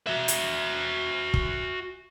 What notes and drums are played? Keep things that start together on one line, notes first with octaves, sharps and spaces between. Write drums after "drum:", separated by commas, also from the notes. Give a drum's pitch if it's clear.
F#4 E5
drum: hi-hat
drum: kick